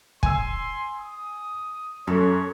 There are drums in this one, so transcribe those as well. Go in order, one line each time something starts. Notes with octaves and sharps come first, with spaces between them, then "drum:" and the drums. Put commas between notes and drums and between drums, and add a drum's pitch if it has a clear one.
G#5 C6 E6, drum: kick
D#6
F#2 A4 C#5